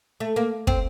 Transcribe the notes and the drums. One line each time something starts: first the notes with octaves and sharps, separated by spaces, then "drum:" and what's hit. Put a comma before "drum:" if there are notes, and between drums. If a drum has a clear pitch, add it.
A3
A#3
C4, drum: kick